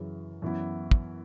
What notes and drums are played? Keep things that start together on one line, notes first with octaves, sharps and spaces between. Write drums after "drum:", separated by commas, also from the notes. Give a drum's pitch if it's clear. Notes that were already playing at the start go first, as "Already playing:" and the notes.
Already playing: F#2 C#3 E3
F#2 E3 B3 E4
drum: kick